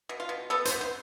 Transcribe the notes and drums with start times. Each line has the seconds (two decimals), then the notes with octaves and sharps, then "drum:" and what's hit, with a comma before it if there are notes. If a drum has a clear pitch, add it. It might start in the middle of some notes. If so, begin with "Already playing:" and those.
0.09 B2
0.20 F4
0.29 B2
0.50 B3 A4
0.65 C5, drum: hi-hat
0.71 B3
0.81 C5